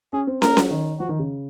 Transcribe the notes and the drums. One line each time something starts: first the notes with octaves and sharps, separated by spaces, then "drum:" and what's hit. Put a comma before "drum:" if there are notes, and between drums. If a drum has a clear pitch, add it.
C#4 G#4
C4
A#3 A#4, drum: snare
F#3, drum: snare
D#3
F3 F#4
D#3
C#3